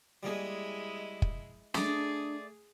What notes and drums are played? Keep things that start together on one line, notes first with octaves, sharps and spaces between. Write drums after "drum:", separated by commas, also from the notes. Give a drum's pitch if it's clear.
G3 G#3 A#3 E4 G#4 D#5
drum: kick
A3 D4 G#4 D5 D#5, drum: snare